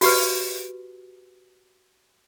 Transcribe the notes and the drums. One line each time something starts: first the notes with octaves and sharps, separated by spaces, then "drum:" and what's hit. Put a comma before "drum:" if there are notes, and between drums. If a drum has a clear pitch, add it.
F#4 G4 B4, drum: open hi-hat